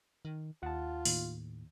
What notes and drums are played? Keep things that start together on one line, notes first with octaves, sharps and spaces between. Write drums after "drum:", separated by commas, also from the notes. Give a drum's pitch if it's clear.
D#3
D#2 F4 F#5 A5
D#2 A2, drum: open hi-hat